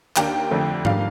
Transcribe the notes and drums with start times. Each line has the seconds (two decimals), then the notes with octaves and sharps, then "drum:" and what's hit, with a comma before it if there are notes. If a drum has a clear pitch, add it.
0.16 D#2 D#3 A#3 D4 G5, drum: clap
0.51 F2 D3 A3 C4
0.85 F2 D#3 G3 D4 F5, drum: tom G#2